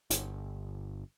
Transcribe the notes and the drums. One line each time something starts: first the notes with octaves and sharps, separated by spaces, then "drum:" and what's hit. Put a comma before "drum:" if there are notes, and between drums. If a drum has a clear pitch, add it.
G1, drum: hi-hat